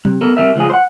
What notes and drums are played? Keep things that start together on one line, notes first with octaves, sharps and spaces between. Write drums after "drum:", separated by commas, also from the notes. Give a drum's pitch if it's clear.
C3, drum: tom F#3
B3 A4 A#4
C2 C3 D#3 A#4 E5
C#2 F3 G#4
C5 F#5